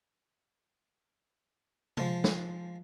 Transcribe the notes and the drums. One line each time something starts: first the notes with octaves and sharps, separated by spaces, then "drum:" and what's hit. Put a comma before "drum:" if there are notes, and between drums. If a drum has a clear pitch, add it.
F3 G#3 A5, drum: tom C3
drum: snare